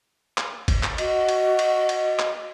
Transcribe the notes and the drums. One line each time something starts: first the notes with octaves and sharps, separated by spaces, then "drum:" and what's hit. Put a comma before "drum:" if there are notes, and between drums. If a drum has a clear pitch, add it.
drum: clap
drum: kick G1, cymbal
drum: clap
F#4 D#5, drum: cymbal
drum: cymbal
drum: cymbal
drum: cymbal
drum: clap